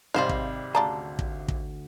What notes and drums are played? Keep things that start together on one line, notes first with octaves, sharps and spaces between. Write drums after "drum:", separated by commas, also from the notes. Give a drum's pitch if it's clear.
G#1 C3 G3 G#3 F4 C5 D#5 F5
drum: kick
D2 C#3 D5 A5 A#5 C6
drum: kick
drum: kick